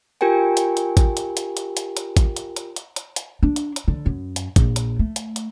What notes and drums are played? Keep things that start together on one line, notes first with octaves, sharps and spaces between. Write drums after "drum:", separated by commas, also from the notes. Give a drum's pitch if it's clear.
F4 G4 A#4 G5 G#5
drum: hi-hat
drum: hi-hat
drum: kick, hi-hat
drum: hi-hat
drum: hi-hat
drum: hi-hat
drum: hi-hat
drum: hi-hat
drum: kick, hi-hat
drum: hi-hat
drum: hi-hat
drum: hi-hat
drum: hi-hat
drum: hi-hat
D4
drum: hi-hat
drum: hi-hat
D3
F#2
drum: hi-hat
A#1, drum: kick, hi-hat
drum: hi-hat
A3
drum: hi-hat
drum: hi-hat